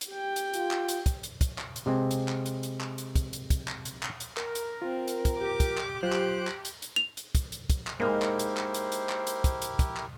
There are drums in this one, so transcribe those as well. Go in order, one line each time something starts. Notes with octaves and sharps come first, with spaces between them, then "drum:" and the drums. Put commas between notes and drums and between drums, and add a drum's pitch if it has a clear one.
drum: hi-hat
G4 G5
drum: hi-hat
F4, drum: hi-hat
drum: clap
drum: hi-hat
drum: kick, hi-hat
drum: hi-hat
drum: kick, hi-hat
drum: clap
drum: hi-hat
C3 G#3 C4
drum: hi-hat
drum: clap
drum: hi-hat
drum: hi-hat
drum: clap
drum: hi-hat
drum: kick, hi-hat
drum: hi-hat
drum: kick, hi-hat
drum: clap
drum: hi-hat
drum: clap
drum: hi-hat
A#4, drum: clap
drum: hi-hat
C4 F4
drum: hi-hat
drum: kick, hi-hat
G4 D6
drum: kick, hi-hat
drum: clap
F#3 F4 C5 F#6 D7
drum: clap
drum: clap
drum: hi-hat
drum: hi-hat
F7
drum: hi-hat
drum: kick, hi-hat
drum: hi-hat
drum: kick, hi-hat
drum: clap
G#3 A#3 D#4 E4 G4 A#4 C5
drum: clap
drum: hi-hat
drum: clap
drum: hi-hat
drum: hi-hat
drum: clap
drum: hi-hat
drum: kick, hi-hat
drum: hi-hat
drum: kick, hi-hat
drum: clap